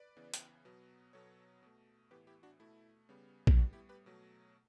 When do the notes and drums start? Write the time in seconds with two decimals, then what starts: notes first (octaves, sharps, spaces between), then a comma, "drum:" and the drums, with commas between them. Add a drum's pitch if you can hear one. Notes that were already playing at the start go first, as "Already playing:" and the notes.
Already playing: B4 D5
0.17 C#3 E3 B3
0.34 drum: hi-hat
0.65 B2 F#3 B3
1.13 B2 F#3 B3 A4 C#5
1.63 B2 A3
2.11 A2 E3 B3 G4 B4
2.27 E4 G4
2.43 D4 F#4
2.60 B2 A3 E4
3.09 C#3 G3 B3
3.47 drum: kick A#1
3.57 A2 G3 B3 D4 F#4
3.73 E4 G4
3.89 G4 B4
4.06 B2 F#3 A3